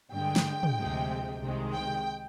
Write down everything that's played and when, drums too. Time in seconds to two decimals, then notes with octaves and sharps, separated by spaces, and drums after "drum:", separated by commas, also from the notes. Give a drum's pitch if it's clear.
0.12 G2 D3 G#3 G5
0.36 drum: snare
0.63 drum: tom
0.77 D2 C3 F3 G#3
1.41 C2 C3 D#3 G#3
1.73 G5